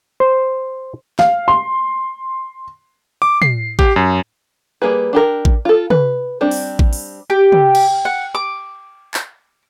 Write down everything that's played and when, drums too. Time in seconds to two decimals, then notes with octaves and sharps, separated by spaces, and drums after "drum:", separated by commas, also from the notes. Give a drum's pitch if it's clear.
0.20 C5
1.19 F5, drum: snare
1.48 C6
3.22 D6
3.42 C7, drum: tom
3.79 G4, drum: kick A1
3.96 F#2
4.82 G3 A#3 G#4 B4
5.13 D4 G4 A#4
5.45 drum: kick A1
5.65 F4 A4
5.90 B4, drum: tom
6.41 G3 C4 D4
6.51 drum: open hi-hat
6.79 drum: kick A1
6.93 drum: open hi-hat
7.30 G4
7.52 drum: tom
7.75 drum: cymbal
8.05 F#5
8.35 D6
9.14 drum: clap